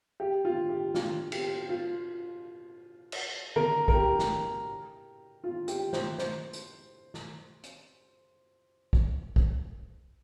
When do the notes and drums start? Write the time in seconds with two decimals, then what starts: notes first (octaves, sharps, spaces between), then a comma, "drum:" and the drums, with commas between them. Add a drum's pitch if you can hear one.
0.20 G4
0.45 F4
0.69 G4
0.94 F4, drum: snare
1.32 G4, drum: cymbal
1.69 F4
3.12 drum: cymbal
3.56 A#4, drum: tom D3
3.88 A#4, drum: kick
3.94 G4
4.19 drum: snare
5.44 F4
5.68 G4, drum: hi-hat
5.93 C5, drum: snare
6.18 C5, drum: snare
6.53 drum: hi-hat
7.14 drum: snare
7.63 drum: hi-hat
8.93 drum: kick
9.36 drum: kick